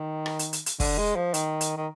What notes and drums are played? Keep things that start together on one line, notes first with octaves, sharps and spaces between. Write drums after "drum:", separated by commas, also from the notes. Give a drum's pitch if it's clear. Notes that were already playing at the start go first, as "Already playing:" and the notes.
Already playing: D#3
drum: rim click
drum: hi-hat
drum: hi-hat
drum: hi-hat
D3, drum: kick, open hi-hat
G#3
F3
D#3, drum: hi-hat
drum: hi-hat
D#3